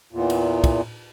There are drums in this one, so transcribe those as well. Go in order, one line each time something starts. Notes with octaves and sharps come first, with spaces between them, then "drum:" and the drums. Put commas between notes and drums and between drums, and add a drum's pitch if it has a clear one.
E2 A#2
drum: cymbal
drum: kick, cymbal